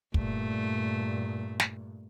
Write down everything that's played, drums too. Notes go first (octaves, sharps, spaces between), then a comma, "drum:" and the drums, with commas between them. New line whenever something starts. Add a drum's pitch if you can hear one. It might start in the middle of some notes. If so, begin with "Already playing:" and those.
G2 A#2 A3, drum: kick
drum: snare